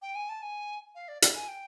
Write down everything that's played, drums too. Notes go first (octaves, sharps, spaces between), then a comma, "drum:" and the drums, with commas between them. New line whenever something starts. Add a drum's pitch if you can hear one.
G5
G#5
A5
G#5
F5
D5
D5, drum: hi-hat
G#5
G5